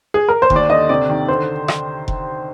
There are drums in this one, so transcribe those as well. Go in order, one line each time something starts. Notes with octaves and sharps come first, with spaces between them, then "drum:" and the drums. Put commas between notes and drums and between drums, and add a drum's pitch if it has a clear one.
G#4
A#4
C5
D#2, drum: kick F1
D5
D3 D#5
C3 D5
D#3
D3 C5
drum: rim click
drum: kick F1